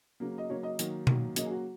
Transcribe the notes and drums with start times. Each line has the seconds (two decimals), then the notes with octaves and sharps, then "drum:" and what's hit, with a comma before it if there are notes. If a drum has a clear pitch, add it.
0.20 C#3 F#3 A#3
0.38 D#5
0.49 C#3 F#3 A#3 C#5
0.63 D#5
0.79 D#3 F#3 A#3, drum: hi-hat
1.07 D#3 F#3 A#3, drum: tom B2
1.36 C#3 F#3 A#3 D#5, drum: hi-hat
1.46 G#4
1.51 F#4